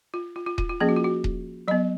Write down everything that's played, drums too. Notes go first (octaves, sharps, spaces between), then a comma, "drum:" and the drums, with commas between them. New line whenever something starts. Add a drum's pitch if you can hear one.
F4
F4
F4
F4, drum: kick D#1
F4
F3 A#3 C#4 G#4
F#4
F4
F#4
drum: kick D#1
F#3 B3 D#5